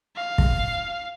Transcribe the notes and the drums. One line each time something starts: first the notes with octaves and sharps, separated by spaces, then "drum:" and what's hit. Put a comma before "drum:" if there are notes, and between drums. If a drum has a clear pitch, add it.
F5
drum: kick